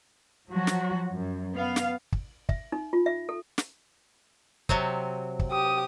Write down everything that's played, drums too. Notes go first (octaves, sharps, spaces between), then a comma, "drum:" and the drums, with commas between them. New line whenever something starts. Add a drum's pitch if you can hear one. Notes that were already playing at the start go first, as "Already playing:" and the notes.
F3 F#3 F#4
drum: snare
F#2
B3 F5
drum: snare
drum: kick
E5, drum: kick
D#4
F4
E5
A4
drum: snare
C3 F#3 C4, drum: kick
drum: kick
G4 D#6